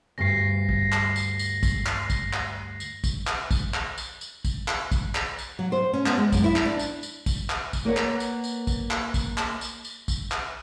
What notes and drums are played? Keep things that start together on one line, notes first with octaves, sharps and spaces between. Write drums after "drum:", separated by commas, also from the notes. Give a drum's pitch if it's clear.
D2 G2 A#6 C7
drum: kick
drum: clap
drum: tambourine
drum: tambourine
drum: kick, tambourine
drum: clap
drum: kick, tambourine
drum: clap
drum: tambourine
drum: kick, tambourine
drum: clap
drum: kick, tambourine
drum: clap
drum: tambourine
drum: tambourine
drum: kick, tambourine
drum: clap
drum: kick, tambourine
drum: clap
drum: tambourine
F#3
C5
C#4
B3, drum: clap
G#3
F#2, drum: kick, tambourine
E4
drum: clap
D4
drum: tambourine
drum: tambourine
drum: kick, tambourine
drum: clap
drum: kick, tambourine
A#3 B4 C#5 F#5
drum: clap
drum: tambourine
drum: tambourine
drum: kick, tambourine
drum: clap
drum: kick, tambourine
drum: clap
drum: tambourine
drum: tambourine
drum: kick, tambourine
drum: clap